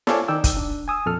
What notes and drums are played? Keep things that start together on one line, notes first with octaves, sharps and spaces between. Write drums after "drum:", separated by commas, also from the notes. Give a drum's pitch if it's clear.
A4 C#5 D5 F5 G#5 A5, drum: snare
D#3 D#4 D5 G5 E6
drum: kick, hi-hat
D4
G#5 D#6 E6
F2 A#2 A4 F6